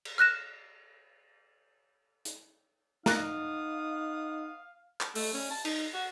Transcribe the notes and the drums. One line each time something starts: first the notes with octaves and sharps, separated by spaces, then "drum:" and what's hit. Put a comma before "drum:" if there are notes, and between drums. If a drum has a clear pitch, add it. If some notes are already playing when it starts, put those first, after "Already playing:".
drum: cymbal
F6 F#6 A#6 E7
drum: hi-hat
B3 D#4 F5 A#5 D#6 F#6 A#6, drum: snare
drum: clap
A3, drum: open hi-hat
C#4
A5
D#4, drum: cymbal
F#4